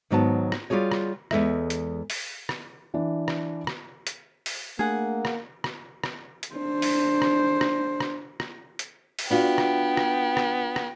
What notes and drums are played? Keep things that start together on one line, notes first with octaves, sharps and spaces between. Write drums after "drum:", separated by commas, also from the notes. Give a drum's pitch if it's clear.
G#2 D#3 F#3 B3 G5 A5
drum: rim click
G3 F4 F#4 G#4 C#5
drum: rim click
E2 D#3 G#3 A4 D#5 E5, drum: rim click
drum: hi-hat
drum: open hi-hat
drum: rim click
E3 D4
drum: rim click
drum: rim click
drum: hi-hat
drum: open hi-hat
A3 A#3 D4 G#4 F#5
drum: rim click
drum: rim click
drum: rim click
drum: hi-hat
D4 C5
drum: open hi-hat
drum: rim click
drum: rim click
drum: rim click
drum: rim click
drum: hi-hat
drum: open hi-hat
B3 D4 F4 F#4 G5
drum: rim click
drum: rim click
drum: rim click
drum: rim click